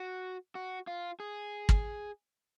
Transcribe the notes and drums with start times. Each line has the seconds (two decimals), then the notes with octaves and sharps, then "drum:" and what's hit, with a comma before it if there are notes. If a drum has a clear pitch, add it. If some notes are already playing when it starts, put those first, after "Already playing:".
Already playing: F#4
0.55 F#4
0.87 F4
1.20 G#4
1.69 drum: kick